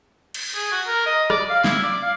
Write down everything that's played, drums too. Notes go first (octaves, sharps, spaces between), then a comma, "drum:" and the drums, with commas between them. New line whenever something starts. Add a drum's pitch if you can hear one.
drum: cymbal
G#4
F#4
A#4
D#5
D5, drum: rim click
F5
E4, drum: snare
D5
F5